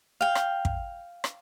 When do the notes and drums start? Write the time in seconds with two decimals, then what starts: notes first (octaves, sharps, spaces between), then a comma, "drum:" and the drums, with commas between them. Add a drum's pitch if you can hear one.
0.21 F5 G5
0.35 drum: rim click
0.65 drum: kick
1.24 drum: rim click